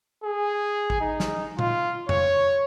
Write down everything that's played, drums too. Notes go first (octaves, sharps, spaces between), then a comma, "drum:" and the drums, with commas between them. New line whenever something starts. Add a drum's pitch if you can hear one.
G#4
drum: kick
D#4
drum: snare
F4, drum: tom
C#5, drum: tom F2